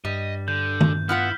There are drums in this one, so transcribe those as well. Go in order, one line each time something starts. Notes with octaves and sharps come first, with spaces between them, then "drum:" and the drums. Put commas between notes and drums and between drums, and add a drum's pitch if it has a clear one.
G2 G3 D#5
D3 G6
drum: tom D#3
B3 E4 F4 F#5 F6 B6